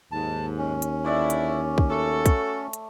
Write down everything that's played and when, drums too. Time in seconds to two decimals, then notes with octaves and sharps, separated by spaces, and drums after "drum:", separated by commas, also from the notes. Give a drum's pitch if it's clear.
0.12 D#2 G#2 A5
0.58 C#4
0.82 drum: hi-hat
1.05 D3 D4 E4 C#5 D5 E5
1.30 drum: hi-hat
1.78 drum: kick
1.89 A3 F#4 A4
2.26 drum: kick, hi-hat
2.73 drum: hi-hat